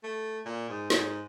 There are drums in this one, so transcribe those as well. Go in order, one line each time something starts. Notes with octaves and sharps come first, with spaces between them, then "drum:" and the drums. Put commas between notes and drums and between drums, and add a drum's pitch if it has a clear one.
A3
A#2
G#2
G#2, drum: snare